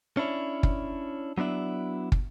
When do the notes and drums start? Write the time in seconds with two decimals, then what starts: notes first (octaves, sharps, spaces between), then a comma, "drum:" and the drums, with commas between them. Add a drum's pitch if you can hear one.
0.17 C#4 D4 E4 C#5
0.63 drum: kick
1.38 F#3 B3 D4 E4
2.12 drum: kick